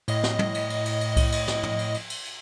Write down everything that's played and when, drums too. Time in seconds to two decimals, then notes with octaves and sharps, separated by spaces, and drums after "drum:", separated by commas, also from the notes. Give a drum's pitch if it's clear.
0.08 A2 D#5, drum: cymbal
0.23 drum: snare
0.39 drum: tom
0.54 drum: cymbal
0.70 drum: cymbal
0.86 drum: cymbal
1.01 drum: cymbal
1.17 drum: kick C2, cymbal
1.32 drum: cymbal
1.48 drum: snare
1.63 drum: tom
1.79 drum: cymbal
1.94 drum: cymbal
2.10 drum: cymbal
2.25 drum: cymbal